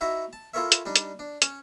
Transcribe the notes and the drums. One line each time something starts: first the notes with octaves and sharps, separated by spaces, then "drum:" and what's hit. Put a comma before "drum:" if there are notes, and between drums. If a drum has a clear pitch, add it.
D#4 E4 F#4 E5 A#5
A5
E4 F4 A4 A#4 C#5 E5
drum: hi-hat
G3 D4 D#4
drum: hi-hat
D4
C#4, drum: hi-hat